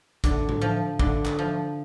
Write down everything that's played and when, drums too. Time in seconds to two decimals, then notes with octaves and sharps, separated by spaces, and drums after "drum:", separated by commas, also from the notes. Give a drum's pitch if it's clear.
0.24 D3, drum: kick, hi-hat
0.49 drum: tom A2
0.61 F3
0.99 D3, drum: kick
1.26 drum: clap
1.39 F3